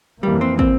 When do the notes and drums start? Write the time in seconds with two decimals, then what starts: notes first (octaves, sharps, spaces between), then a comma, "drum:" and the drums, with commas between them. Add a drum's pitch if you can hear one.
0.23 F2 E3 G3 A#3
0.41 C4
0.59 C4, drum: kick